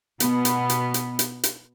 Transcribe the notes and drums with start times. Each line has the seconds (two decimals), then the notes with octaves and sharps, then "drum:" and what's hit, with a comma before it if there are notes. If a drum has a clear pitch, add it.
0.20 B2 B3, drum: hi-hat
0.45 drum: hi-hat
0.70 drum: hi-hat
0.94 drum: hi-hat
1.19 drum: hi-hat
1.43 drum: hi-hat